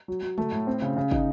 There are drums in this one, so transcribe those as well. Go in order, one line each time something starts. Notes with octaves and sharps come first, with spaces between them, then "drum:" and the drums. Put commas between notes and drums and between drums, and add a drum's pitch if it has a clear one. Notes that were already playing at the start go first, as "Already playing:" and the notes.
F#3
F#3
A3, drum: tom C3
A2
C4
C#3
C#3
D#4, drum: kick